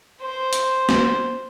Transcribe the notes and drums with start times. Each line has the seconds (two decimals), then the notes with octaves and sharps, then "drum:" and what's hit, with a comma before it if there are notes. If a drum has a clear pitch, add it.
0.22 C5
0.53 drum: hi-hat
0.89 drum: snare